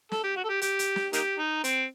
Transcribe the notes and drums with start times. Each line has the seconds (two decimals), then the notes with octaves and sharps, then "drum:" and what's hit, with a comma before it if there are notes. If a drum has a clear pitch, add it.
0.12 A4, drum: snare
0.24 G4
0.36 F#4
0.44 A4
0.49 G4
0.61 G4, drum: hi-hat
0.79 drum: hi-hat
0.96 drum: snare
1.13 A#3 D#4 G4, drum: hi-hat
1.38 D#4
1.64 C4, drum: hi-hat